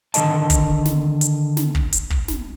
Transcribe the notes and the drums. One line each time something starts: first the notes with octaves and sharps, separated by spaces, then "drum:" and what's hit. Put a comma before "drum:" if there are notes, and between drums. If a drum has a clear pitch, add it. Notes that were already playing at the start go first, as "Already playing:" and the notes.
D3 D#3 F4 A#4 D#5 A5, drum: hi-hat
drum: kick, hi-hat
drum: snare
drum: hi-hat
drum: snare
drum: kick
drum: hi-hat
drum: kick
drum: snare